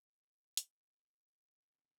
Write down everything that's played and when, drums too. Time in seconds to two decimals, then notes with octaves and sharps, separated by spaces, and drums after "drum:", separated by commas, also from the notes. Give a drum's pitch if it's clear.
0.10 C3
0.57 drum: hi-hat
0.72 D3
0.82 D3
0.91 C3
1.02 D3
1.62 D3
1.73 C3 D#3
1.84 D3